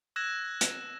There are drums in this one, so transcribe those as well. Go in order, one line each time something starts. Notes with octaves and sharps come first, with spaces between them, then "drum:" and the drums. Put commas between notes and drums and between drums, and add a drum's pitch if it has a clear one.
E6 F#6 G#6 A#6 E7
drum: hi-hat